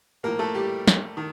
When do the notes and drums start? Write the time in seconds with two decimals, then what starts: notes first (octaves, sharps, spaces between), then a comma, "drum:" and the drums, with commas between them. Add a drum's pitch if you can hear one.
0.23 A2 F3 A#3 A#4
0.39 A3 A4
0.54 G3 G4
0.88 drum: snare
1.17 D#3